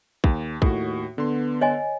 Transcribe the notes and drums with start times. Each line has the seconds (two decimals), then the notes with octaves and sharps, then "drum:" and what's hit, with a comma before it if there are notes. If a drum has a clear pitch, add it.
0.24 D#2, drum: kick
0.62 D#2 A2 F#4, drum: kick
1.18 D3 B3 C6
1.61 C#5 D#5 G#5